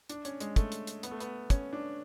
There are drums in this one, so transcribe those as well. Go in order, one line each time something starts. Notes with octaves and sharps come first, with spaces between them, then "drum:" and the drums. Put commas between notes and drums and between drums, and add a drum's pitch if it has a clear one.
D4, drum: hi-hat
C#4, drum: hi-hat
G#3, drum: hi-hat
A3, drum: kick, hi-hat
drum: hi-hat
drum: hi-hat
B3, drum: hi-hat
A3
B3, drum: hi-hat
C#4, drum: kick, hi-hat
D4